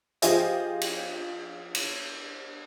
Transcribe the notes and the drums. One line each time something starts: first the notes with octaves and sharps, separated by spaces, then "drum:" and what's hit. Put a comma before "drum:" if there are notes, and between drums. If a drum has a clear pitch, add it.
F3 F4 G4 G#4 C5 D#5, drum: hi-hat
drum: cymbal
drum: cymbal